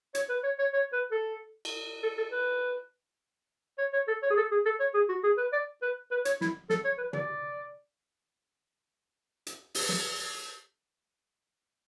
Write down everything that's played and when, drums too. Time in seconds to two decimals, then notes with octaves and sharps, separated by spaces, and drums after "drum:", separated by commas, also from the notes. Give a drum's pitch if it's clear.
0.15 C#5, drum: hi-hat
0.29 B4
0.43 C#5
0.59 C#5
0.73 C#5
0.93 B4
1.12 A4
1.65 drum: cymbal
2.03 A4
2.18 A4
2.32 B4
3.78 C#5
3.93 C#5
4.08 A4
4.23 C#5
4.30 G#4
4.37 A4
4.51 G#4
4.66 A4
4.80 C#5
4.94 G#4
5.09 F#4
5.24 G#4
5.38 B4
5.53 D5
5.82 B4
6.12 B4
6.25 C#5, drum: hi-hat
6.41 E4, drum: snare
6.70 A4, drum: snare
6.85 C#5
6.98 B4
7.13 D5, drum: tom
9.47 drum: hi-hat
9.75 drum: open hi-hat
9.89 drum: snare